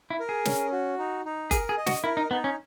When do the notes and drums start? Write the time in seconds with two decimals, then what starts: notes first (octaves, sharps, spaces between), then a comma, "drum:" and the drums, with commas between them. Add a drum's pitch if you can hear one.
0.10 E4
0.20 A#4
0.29 G#4
0.45 C#4, drum: snare
0.72 F#4
0.98 D#4
1.25 D#4
1.51 G#4 A#4, drum: kick F#1, hi-hat
1.69 G#4
1.77 D#5
1.86 F#4, drum: snare
2.04 E4 A#4
2.17 D#4
2.31 B3 D#4
2.44 C#4